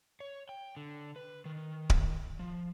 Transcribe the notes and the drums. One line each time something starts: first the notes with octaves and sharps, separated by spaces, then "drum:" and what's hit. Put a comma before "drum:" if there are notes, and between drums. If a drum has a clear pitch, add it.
C#5
G5
D3
B4
D#3
drum: kick D1
F3